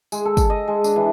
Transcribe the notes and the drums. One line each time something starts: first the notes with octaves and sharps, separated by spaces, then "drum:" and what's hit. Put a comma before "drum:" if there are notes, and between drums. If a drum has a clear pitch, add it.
G#3, drum: tambourine
A4
drum: kick, tambourine
D#5
G#3
D4, drum: tambourine
E3